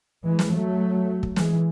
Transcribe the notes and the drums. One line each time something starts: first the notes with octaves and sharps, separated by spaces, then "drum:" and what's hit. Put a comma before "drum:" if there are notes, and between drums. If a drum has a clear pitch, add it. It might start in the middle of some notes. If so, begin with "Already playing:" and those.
E3 G#3
drum: snare
F#3 A3
drum: kick
E3 G#3, drum: snare